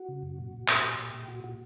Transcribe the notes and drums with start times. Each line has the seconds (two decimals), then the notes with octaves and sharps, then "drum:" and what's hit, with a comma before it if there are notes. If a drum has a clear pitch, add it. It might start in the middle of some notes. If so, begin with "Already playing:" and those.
Already playing: F#4
0.09 C#3
0.23 F#2
0.38 A#2
0.53 A#2
0.68 A#2 G4, drum: clap
0.83 A#2
0.99 A#2
1.14 A#2
1.23 G4
1.28 A#2 F#4
1.44 A#2 F#4